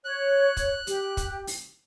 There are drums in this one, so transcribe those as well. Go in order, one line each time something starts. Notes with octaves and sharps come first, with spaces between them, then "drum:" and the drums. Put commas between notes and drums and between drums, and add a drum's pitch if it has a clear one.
C#5 F#6
drum: kick, hi-hat
G4, drum: hi-hat
drum: kick, hi-hat
drum: open hi-hat